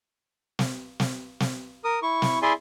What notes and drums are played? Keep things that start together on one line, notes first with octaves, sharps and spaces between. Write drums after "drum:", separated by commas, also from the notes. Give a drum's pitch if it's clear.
drum: snare
drum: snare
drum: snare
A#4 D#6
E4 C#6
drum: snare
E4 G#4 D5 E5 G#5 C6